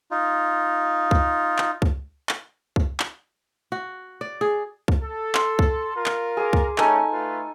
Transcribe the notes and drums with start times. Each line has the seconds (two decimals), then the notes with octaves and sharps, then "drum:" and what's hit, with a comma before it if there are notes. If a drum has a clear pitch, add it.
0.11 D#4 F4
1.11 drum: kick C#2
1.58 drum: clap
1.82 drum: kick C#2
2.29 drum: clap
2.76 drum: kick C#2
3.00 drum: clap
3.72 F#4
4.21 D5
4.41 G#4
4.88 drum: kick C#2
5.01 A4
5.35 C6, drum: clap
5.59 drum: kick C#2
5.96 F4 A#4
6.06 drum: clap
6.37 G#4 D6
6.53 drum: kick C#2
6.78 A3 C#4 D#4 A4 G#5, drum: clap
7.12 A3 F4 B4